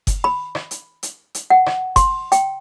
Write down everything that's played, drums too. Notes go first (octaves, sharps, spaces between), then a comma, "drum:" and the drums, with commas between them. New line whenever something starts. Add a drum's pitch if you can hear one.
drum: kick F#1, hi-hat
B5
drum: rim click
drum: hi-hat
drum: hi-hat
drum: hi-hat
F#5
drum: rim click
C6, drum: kick F#1, hi-hat
G5, drum: hi-hat